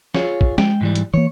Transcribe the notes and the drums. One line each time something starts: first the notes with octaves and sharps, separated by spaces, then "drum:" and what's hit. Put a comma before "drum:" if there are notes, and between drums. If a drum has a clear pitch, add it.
F4 G#4 C#5, drum: snare
drum: kick
G#3 G5, drum: snare
G#2 E3 G3
drum: hi-hat
E3 A#3 C#5